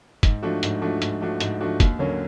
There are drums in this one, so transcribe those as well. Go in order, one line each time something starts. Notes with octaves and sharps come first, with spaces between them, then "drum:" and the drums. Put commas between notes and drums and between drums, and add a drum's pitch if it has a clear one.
G#2, drum: kick, hi-hat
F3 A3 D4 F#4
G#2, drum: hi-hat
F3 A3 D4 F#4
G#2, drum: hi-hat
F3 A3 D4 F#4
G#2, drum: hi-hat
F3 A3 D4 F#4
D#2, drum: kick, hi-hat
D3 F#3 A#3 C#4